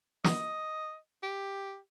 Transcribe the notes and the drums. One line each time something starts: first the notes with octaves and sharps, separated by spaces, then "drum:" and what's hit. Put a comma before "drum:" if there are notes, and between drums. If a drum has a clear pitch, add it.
D#5, drum: snare
G4